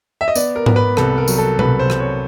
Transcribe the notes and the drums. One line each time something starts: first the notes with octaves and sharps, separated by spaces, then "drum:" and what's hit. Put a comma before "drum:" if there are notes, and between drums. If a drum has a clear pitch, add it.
E5
D#5
B3 D5, drum: tambourine
A#4
B3, drum: tom G#2
B4
C2 A4, drum: rim click
A#4
F#3, drum: tambourine
A4
C2 B4, drum: tom B2
C5
C2, drum: rim click
C#5